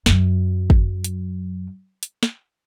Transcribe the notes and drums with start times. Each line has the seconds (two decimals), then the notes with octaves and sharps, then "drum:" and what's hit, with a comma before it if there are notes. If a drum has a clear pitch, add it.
0.06 F#2 F#3, drum: snare
0.70 drum: kick
1.04 drum: hi-hat
2.03 drum: hi-hat
2.23 drum: snare